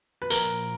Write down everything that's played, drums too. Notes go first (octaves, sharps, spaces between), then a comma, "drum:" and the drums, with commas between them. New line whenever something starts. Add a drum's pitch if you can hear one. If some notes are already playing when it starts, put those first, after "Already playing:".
B4
A#2 F3 A#3 A#4, drum: tambourine